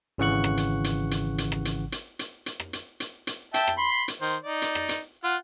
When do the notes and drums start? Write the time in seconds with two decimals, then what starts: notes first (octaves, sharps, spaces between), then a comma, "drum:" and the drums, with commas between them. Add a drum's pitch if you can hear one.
0.18 G#1 C#3 E3 F#5 C#6 F#6
0.44 drum: rim click
0.57 drum: hi-hat
0.84 drum: hi-hat
1.11 drum: hi-hat
1.38 drum: hi-hat
1.52 drum: rim click
1.65 drum: hi-hat
1.92 drum: hi-hat
2.19 drum: hi-hat
2.46 drum: hi-hat
2.60 drum: rim click
2.73 drum: hi-hat
3.00 drum: hi-hat
3.27 drum: hi-hat
3.54 E5 G5 A5, drum: hi-hat
3.67 drum: rim click
3.78 B5 C6
4.08 drum: hi-hat
4.21 D#3 C5
4.43 D#4 D5
4.62 drum: hi-hat
4.75 drum: rim click
4.89 drum: hi-hat
5.24 F4 F#5